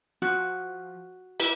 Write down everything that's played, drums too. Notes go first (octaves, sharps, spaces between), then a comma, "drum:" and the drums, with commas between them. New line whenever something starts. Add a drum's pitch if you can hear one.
F3 F#4
E4 G4 B4, drum: cymbal